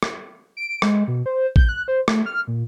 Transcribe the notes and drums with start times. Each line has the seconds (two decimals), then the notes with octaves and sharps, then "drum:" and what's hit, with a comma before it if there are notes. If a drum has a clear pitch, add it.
0.03 drum: rim click
0.57 D7
0.82 G#3, drum: rim click
1.08 B2
1.26 C5
1.56 G6, drum: kick A1
1.69 F#6
1.88 C5
2.08 A3, drum: rim click
2.26 F6
2.48 A#2